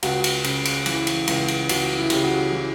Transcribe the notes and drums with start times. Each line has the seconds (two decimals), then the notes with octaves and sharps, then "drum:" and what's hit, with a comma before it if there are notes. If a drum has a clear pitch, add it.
0.03 C#2 F#4, drum: cymbal
0.24 drum: cymbal
0.44 C#3, drum: cymbal
0.65 drum: cymbal
0.86 E3, drum: cymbal
1.07 drum: cymbal
1.27 C#2, drum: cymbal
1.48 drum: cymbal
1.69 C#2 F#4, drum: cymbal
1.97 E4
2.10 C#3 G4, drum: cymbal
2.24 F#4
2.52 E3